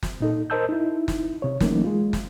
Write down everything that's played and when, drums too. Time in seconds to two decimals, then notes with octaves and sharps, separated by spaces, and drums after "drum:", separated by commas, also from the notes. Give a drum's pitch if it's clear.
0.03 drum: snare
0.20 A#2 D#4 A4
0.50 A#4 C5 D#5 A5 E6 G6
0.69 D#4 E4
1.08 drum: snare
1.42 C3 C#5
1.60 E3 F#3 A3 A#3 C#4 D#4, drum: snare
1.84 G#3 F4
2.13 drum: snare